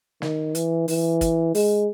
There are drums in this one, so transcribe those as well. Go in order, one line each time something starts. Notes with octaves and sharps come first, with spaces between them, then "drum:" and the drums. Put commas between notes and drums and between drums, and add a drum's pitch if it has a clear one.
D#3, drum: snare
E3, drum: hi-hat
E3, drum: open hi-hat
drum: kick, hi-hat
G#3, drum: open hi-hat